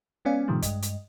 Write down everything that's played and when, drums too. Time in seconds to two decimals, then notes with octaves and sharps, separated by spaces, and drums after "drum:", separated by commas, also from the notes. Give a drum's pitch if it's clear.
0.25 G#3 B3 C#4 D5 F5 G#5
0.48 A2 C3 D#3 F3 G3 A3
0.62 G2 G#3 D#5, drum: kick, hi-hat
0.82 drum: hi-hat